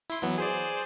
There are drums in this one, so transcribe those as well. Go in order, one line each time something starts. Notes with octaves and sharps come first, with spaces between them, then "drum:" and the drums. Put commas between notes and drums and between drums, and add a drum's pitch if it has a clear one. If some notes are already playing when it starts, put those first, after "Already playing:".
E4 C6, drum: tambourine
E3 F#3 B3
G#4 C5 D5